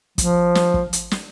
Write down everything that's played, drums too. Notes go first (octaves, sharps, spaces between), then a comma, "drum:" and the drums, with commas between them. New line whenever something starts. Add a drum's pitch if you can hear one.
F3, drum: kick, hi-hat
drum: snare
drum: kick
drum: hi-hat
drum: snare